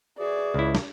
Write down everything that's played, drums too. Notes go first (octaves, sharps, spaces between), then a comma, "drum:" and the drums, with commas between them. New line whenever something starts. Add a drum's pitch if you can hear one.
E3 F#4 G#4 D5
C#2 E4
drum: snare